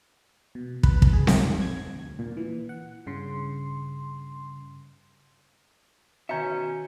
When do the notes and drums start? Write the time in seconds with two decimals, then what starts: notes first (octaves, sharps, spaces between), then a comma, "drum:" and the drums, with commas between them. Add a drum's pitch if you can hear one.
0.55 B2
0.83 B4, drum: kick
1.02 F#2, drum: kick
1.13 G#4
1.27 D#4, drum: snare C4
1.45 F2
1.61 G#6
1.96 D2
2.19 A#2
2.37 E3
2.69 F#5
3.07 G2 C#3 C6
6.29 B2 D#3 C#4 E5 A#5 G6 C#7